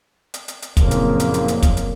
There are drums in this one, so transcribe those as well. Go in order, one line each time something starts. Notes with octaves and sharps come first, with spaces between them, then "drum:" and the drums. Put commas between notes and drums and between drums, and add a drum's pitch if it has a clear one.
drum: hi-hat
drum: hi-hat
drum: hi-hat
F#1 F2 A#2 F3 A#3, drum: kick, hi-hat
drum: hi-hat
drum: hi-hat
drum: hi-hat
drum: hi-hat
drum: kick, hi-hat
drum: hi-hat